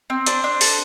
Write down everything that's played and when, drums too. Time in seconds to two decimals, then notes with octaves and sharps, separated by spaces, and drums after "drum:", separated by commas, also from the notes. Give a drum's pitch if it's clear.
0.10 C4
0.26 D4 C5, drum: hi-hat
0.44 D4
0.61 A4, drum: open hi-hat